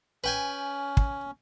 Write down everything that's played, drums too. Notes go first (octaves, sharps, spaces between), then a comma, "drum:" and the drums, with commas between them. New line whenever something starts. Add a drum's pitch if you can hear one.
C#4 B4 G5 G#5
drum: kick